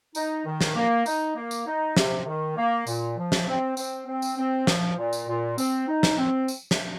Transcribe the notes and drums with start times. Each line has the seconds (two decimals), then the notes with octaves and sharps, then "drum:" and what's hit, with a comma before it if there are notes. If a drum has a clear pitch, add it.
0.15 D#4, drum: tambourine
0.45 D#3
0.61 drum: snare
0.75 A#3
1.06 D#4, drum: tambourine
1.36 A#3
1.51 drum: tambourine
1.66 D#4
1.97 C3, drum: snare
2.27 D#3
2.57 A#3
2.87 A#2, drum: tambourine
3.17 F3
3.32 drum: snare
3.47 C4
3.77 C4, drum: tambourine
4.07 C4
4.22 drum: tambourine
4.37 C4
4.67 F3, drum: snare
4.97 A#2
5.13 drum: tambourine
5.28 A#2
5.58 C4, drum: tambourine
5.88 D#4
6.03 drum: snare
6.18 C4
6.48 drum: tambourine
6.71 drum: snare